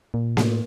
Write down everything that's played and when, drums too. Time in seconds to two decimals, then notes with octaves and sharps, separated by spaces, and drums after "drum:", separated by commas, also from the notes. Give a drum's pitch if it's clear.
0.14 A#2
0.37 A2, drum: snare A#3